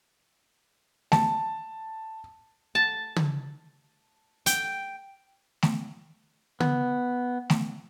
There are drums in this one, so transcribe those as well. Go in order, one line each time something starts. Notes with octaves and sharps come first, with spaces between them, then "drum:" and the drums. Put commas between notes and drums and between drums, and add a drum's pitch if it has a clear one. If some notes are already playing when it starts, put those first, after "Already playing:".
A5, drum: snare A3
A5
drum: tom
G5, drum: hi-hat
drum: snare A3
B3, drum: tom
drum: snare A3